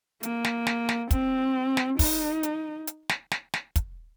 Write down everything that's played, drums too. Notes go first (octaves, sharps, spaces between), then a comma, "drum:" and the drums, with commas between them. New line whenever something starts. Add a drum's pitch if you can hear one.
A#3, drum: hi-hat
drum: snare
drum: snare
drum: snare
C4, drum: kick, hi-hat
drum: snare
D#4, drum: kick, open hi-hat
drum: hi-hat
drum: hi-hat
drum: snare
drum: snare
drum: snare
drum: kick, hi-hat